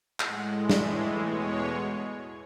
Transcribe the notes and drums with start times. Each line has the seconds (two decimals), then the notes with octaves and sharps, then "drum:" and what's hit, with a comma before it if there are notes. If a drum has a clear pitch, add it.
0.20 A2 G#3 F#5, drum: clap
0.70 A2 E3 G#3 E5, drum: snare
1.20 E2 B2 G#3 C#5